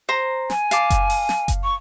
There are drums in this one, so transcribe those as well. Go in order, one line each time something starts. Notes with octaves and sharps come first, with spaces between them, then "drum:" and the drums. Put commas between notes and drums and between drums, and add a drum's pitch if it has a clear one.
C5 A#5
G#5, drum: snare
F5 A5 D6, drum: hi-hat
drum: kick F#1, hi-hat
drum: open hi-hat
drum: snare
drum: kick F#1, hi-hat
C#6